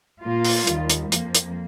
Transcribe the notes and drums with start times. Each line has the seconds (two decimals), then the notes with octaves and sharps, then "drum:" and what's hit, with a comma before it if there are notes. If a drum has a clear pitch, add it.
0.22 A#2 A#3 F4
0.45 drum: open hi-hat
0.67 D#2 D#3 G3, drum: hi-hat
0.90 drum: hi-hat
1.12 F2 F3 A#3, drum: hi-hat
1.35 drum: hi-hat